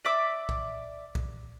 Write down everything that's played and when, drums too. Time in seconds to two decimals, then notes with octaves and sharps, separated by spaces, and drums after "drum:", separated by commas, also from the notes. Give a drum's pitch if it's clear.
0.05 D5 E5 D6 E6
0.49 drum: kick
1.15 drum: kick